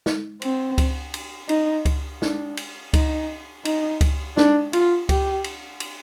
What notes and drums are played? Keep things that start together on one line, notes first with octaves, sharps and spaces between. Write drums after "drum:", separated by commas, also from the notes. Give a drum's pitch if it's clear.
drum: snare
C4, drum: cymbal
drum: kick C#2, cymbal
drum: cymbal
D#4, drum: cymbal
drum: kick C#2, cymbal
D4, drum: snare
drum: cymbal
D#4, drum: kick C#2, cymbal
D#4, drum: cymbal
drum: kick C#2, cymbal
D4, drum: snare
F4, drum: cymbal
G4, drum: kick C#2, cymbal
drum: cymbal
drum: cymbal